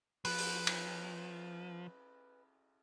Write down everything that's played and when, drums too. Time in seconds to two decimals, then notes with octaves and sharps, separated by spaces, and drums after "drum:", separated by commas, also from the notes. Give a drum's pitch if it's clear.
0.25 F3 B4, drum: open hi-hat
0.38 drum: open hi-hat
0.67 drum: cymbal